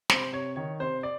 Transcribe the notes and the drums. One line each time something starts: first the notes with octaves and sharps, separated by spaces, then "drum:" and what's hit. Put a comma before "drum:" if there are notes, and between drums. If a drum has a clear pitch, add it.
C3 C5, drum: snare
C3 C#5
D#3 C#5
C3 C5
D5